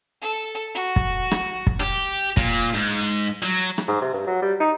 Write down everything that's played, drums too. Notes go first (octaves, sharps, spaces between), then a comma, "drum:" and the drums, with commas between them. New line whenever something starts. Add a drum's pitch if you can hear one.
A4
F#4
drum: kick
drum: rim click
drum: kick
G4
A#2, drum: kick
G#2
F#3
drum: rim click
G#2
C3
G2
F#3
G3
D#4